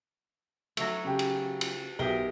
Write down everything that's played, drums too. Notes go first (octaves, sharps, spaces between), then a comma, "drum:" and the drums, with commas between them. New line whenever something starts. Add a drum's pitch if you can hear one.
F#3 A3, drum: cymbal
C#3 G4
drum: cymbal
drum: cymbal
B1 G4 G#4 A#4 E5 G7